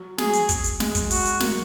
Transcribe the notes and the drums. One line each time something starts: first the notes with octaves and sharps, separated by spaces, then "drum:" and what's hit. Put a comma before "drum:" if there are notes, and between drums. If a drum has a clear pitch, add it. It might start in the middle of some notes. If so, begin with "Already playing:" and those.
Already playing: F#3
F#3 G#4, drum: snare
drum: hi-hat
drum: kick, hi-hat
drum: hi-hat
G#3, drum: snare
drum: kick, hi-hat
F#4, drum: open hi-hat
drum: hi-hat
F#3 A#3, drum: snare